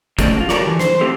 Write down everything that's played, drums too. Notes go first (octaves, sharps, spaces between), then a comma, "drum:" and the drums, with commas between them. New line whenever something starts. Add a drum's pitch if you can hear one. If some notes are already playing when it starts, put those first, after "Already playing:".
F3 G#3 A3 C#4 D4 D5, drum: kick, hi-hat
F4 F#4
F#4 G4 A4 A#4 C#5 D5, drum: snare
E3
C5, drum: snare
F#3 A#3 C4 E4 G4 A4